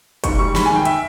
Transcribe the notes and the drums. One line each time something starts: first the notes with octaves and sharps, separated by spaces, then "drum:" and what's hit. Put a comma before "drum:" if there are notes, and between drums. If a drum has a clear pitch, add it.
G#2 C#6, drum: kick, hi-hat
G3 C#6
G#2 B5, drum: snare
G#5
D#3
G5
E5, drum: hi-hat